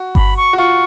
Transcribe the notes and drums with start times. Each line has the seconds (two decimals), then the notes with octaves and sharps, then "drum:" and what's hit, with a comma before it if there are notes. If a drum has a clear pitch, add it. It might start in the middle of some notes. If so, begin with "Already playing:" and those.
Already playing: F#4
0.15 B5, drum: kick G1
0.37 C#6
0.53 F#4
0.58 F4 C#6